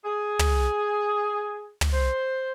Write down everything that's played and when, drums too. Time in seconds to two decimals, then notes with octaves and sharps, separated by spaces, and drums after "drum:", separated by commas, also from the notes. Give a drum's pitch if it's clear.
0.04 G#4
0.39 drum: tom
1.81 drum: tom
1.91 C5